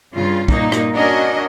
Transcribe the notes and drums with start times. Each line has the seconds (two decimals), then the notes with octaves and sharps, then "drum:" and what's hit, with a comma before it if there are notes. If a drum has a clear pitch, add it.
0.14 G2 C#3 F4
0.48 G2 A#2 A#3 D#4, drum: kick
0.72 drum: rim click
0.94 C#4 D4 F#4 A#4 D#5